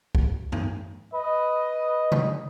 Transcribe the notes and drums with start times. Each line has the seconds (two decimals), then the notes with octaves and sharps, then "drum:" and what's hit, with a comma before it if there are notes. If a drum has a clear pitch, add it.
0.15 drum: kick C2
0.52 drum: tom F#2
1.14 B4 D#5
2.12 drum: tom C3